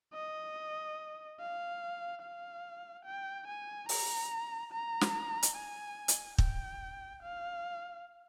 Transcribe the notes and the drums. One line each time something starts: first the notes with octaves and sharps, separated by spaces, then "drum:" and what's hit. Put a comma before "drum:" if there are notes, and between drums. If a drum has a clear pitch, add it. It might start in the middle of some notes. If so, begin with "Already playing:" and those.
D#5
F5
F5
G5
G#5
A#5, drum: open hi-hat
A#5
drum: snare
drum: hi-hat
G#5
drum: hi-hat
G5, drum: kick
F5